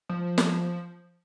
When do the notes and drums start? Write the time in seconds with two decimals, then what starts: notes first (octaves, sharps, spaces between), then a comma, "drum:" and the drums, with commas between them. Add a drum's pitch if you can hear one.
0.09 F3
0.38 drum: snare